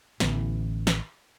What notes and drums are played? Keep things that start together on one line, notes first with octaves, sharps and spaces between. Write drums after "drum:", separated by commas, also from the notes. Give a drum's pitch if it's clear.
A1 D3 E3 B3, drum: snare
drum: snare